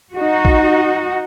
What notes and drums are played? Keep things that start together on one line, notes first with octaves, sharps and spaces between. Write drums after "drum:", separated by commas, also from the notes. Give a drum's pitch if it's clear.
D#4 F#4
drum: kick